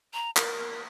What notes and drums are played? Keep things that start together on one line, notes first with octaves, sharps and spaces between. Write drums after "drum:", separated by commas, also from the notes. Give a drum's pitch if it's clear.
A#5
A#4, drum: clap